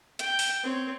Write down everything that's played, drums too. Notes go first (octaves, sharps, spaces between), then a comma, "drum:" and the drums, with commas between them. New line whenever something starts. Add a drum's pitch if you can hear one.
G5, drum: hi-hat
drum: open hi-hat
C4 C#5